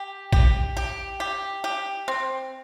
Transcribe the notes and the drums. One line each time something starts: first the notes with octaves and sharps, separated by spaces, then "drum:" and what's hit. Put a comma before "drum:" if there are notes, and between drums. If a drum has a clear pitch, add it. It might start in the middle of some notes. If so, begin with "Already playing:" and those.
Already playing: G4
G4, drum: kick A#1
G4
G4
G4
C4